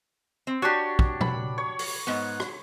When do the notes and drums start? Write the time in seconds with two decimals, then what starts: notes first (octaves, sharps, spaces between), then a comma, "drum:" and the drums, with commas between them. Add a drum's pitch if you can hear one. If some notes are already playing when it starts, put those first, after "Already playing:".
0.47 C4
0.62 D4 F#4 G4 C#5
0.99 drum: kick
1.21 B5, drum: tom A#2
1.58 C#5
1.79 drum: open hi-hat
2.07 G#2 B3
2.40 drum: rim click